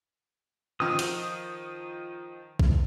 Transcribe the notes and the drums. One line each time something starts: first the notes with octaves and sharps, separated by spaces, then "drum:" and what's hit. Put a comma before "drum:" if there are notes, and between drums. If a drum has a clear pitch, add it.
D#3 F3 D#6
drum: hi-hat
drum: kick B1